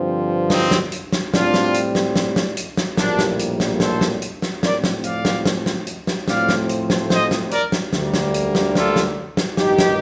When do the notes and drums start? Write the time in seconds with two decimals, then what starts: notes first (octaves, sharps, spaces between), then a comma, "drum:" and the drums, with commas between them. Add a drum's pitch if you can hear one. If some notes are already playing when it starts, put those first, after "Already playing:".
Already playing: G2 D3 F3 C4
0.50 C4 D#4, drum: snare
0.71 drum: snare
0.92 drum: hi-hat
1.12 drum: snare
1.34 A2 G3 C4 D4 F4, drum: snare
1.54 drum: snare
1.74 drum: hi-hat
1.95 drum: snare
2.16 drum: snare
2.36 drum: snare
2.57 drum: hi-hat
2.77 drum: snare
2.97 A#1 A2 G3 A#3 D4, drum: snare
3.19 drum: snare
3.39 drum: hi-hat
3.60 drum: snare
3.80 A4 C5, drum: snare
4.01 drum: snare
4.22 drum: hi-hat
4.42 drum: snare
4.63 A2 F3 C4 A#4 D5, drum: snare
4.84 drum: snare
5.04 D5 F5, drum: hi-hat
5.25 drum: snare
5.45 drum: snare
5.66 drum: snare
5.87 drum: hi-hat
6.07 drum: snare
6.28 A2 F3 A3 C4 D5 F5, drum: snare
6.49 drum: snare
6.69 drum: hi-hat
6.90 drum: snare
7.10 C5 D#5, drum: snare
7.31 drum: snare
7.51 A#4 D5, drum: hi-hat
7.72 drum: snare
7.93 D2 D3 G3 A#3, drum: snare
8.14 drum: snare
8.34 drum: hi-hat
8.55 drum: snare
8.75 F4 A4, drum: snare
8.96 drum: snare
9.37 drum: snare
9.57 A1 G2 D#3 D#4 G4, drum: snare
9.79 drum: snare